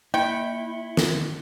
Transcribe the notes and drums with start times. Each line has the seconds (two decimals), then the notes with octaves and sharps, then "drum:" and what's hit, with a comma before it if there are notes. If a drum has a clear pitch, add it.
0.14 A#3 E4 G5 C#7 G7
0.97 drum: snare